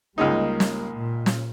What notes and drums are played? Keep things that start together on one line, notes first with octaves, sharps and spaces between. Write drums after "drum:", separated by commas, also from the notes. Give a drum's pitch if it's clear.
C#2 G3 G#3 A#3 D#4
drum: snare
A#2
drum: snare